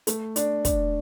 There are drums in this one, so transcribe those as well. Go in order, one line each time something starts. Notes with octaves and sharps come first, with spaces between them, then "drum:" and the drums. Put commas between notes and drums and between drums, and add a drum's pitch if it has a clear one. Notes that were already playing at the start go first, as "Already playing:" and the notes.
A3, drum: hi-hat
D4, drum: hi-hat
D4, drum: kick, hi-hat